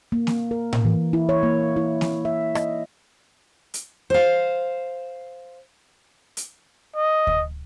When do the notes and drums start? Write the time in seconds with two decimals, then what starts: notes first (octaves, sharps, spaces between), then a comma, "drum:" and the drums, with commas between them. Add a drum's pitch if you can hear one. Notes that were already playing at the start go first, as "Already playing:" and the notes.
0.12 A#3
0.27 drum: snare A#3
0.51 A#4
0.73 drum: tom A2
0.85 E3
1.13 E4
1.29 C#5
1.43 A#3
1.76 E4
2.01 drum: snare A#3
2.25 E5
2.55 D#5, drum: rim click
3.74 drum: hi-hat
4.10 C5 F5
6.37 drum: hi-hat
6.96 D#5
7.27 drum: kick D2